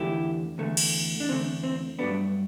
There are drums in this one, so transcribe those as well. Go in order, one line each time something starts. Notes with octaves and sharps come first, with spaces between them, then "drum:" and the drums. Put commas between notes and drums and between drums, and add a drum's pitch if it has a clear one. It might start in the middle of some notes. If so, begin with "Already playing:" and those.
Already playing: E2 D3 A3 E4 G4
E2 D3 A3
drum: cymbal
D4
E2 D3 A3 C4
C4
G2 F#3 A3 B3 D4